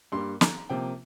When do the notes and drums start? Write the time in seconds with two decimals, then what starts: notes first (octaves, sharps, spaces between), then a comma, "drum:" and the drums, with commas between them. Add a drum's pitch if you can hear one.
0.12 G2 G3 A#3 C6
0.41 A#5, drum: snare
0.70 C3 F3 A#3 G5